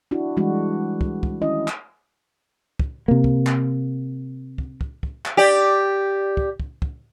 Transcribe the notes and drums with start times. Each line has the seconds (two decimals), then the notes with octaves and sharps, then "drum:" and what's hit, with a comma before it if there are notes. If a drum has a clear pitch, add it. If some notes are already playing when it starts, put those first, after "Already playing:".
0.11 D4 E4 F#4
0.37 E3 G3 G#3 D4 F#4
1.01 drum: kick
1.23 drum: kick
1.42 D#3 C#4 E4 D#5
1.68 drum: clap
2.80 drum: kick
3.08 C3 A#3
3.24 drum: kick
3.47 drum: clap
4.58 drum: kick
4.81 drum: kick
5.03 drum: kick
5.25 drum: clap
5.37 G4 D5
6.37 drum: kick
6.60 drum: kick
6.82 drum: kick